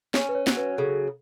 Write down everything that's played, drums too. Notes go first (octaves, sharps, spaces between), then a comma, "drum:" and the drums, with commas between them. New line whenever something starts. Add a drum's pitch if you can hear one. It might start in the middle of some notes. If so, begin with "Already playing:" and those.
C#4 C#5, drum: snare
B4
C#5
F#3, drum: snare
B4
C#3 A4